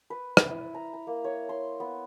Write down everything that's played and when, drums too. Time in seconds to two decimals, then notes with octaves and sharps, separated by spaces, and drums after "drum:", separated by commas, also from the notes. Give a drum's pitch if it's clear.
0.10 B4
0.37 E5, drum: rim click
0.51 E4
0.75 A#5
0.93 A#5
1.07 A#3
1.24 C#5
1.49 C6
1.80 B3